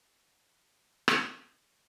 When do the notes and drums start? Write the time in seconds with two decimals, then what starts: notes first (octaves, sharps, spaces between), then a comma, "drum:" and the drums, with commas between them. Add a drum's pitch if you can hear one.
0.16 E3
1.08 drum: rim click
1.27 D#4 A#4